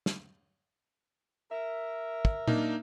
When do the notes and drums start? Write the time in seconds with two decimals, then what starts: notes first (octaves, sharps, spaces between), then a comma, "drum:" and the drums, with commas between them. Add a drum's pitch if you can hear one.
0.06 drum: snare
1.52 A#4 E5
2.25 drum: kick
2.48 A#3 D4 D#4, drum: tom A#2